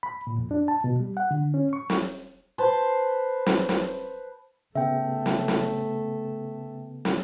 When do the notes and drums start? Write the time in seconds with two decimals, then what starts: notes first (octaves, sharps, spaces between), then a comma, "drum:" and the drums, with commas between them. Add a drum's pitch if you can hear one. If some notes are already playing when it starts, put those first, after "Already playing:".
0.03 B5
0.27 A#2
0.38 F2
0.51 D4
0.68 A5
0.84 B2
1.00 G3
1.17 F#5
1.31 D3
1.54 C#4
1.73 C#6
1.90 drum: snare
2.58 B4 C5 A5 C6
3.46 drum: snare
3.69 drum: snare
4.76 C#3 A3 B3 E5 G5
5.26 drum: snare
5.48 drum: snare
7.05 drum: snare